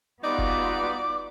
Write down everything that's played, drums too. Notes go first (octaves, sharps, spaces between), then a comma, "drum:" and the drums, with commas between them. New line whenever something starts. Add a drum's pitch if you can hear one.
G3 B3 D#4 F4 F#4 B4 D5 D6
drum: kick F1